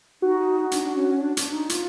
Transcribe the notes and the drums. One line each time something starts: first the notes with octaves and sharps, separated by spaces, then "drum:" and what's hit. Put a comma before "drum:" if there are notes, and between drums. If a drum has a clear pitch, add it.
D#4 F#4
D4, drum: hi-hat
D4
C#4
C#4
D4
D4, drum: hi-hat
D#4
F4, drum: hi-hat